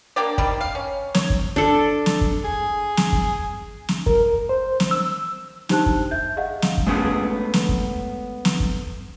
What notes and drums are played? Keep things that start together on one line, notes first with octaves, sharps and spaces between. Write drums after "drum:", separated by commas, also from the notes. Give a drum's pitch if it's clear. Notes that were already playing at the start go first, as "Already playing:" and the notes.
A#3 D4 G4 D5
D#3 G3 C4, drum: kick
F5
C#4
C#5, drum: snare
drum: kick
D4 A4
drum: snare
drum: kick
G#4
drum: snare
drum: kick
drum: snare
A#4, drum: kick
C5
drum: snare
E6
D4 D#4 G4 C5 A5 F#6, drum: snare
drum: kick
E5 G6
G#4 D#5 F5 F#5
drum: snare
drum: kick
G#3 A3 B3 C#4 G#4
drum: snare
drum: kick
drum: snare
drum: kick